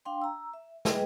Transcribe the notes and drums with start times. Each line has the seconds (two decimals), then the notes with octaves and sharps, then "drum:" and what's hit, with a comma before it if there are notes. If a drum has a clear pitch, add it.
0.05 D4 F5 G5 C6
0.22 A#5 E6
0.54 E5
0.85 G#3 G#4 B4 D#5 G5, drum: snare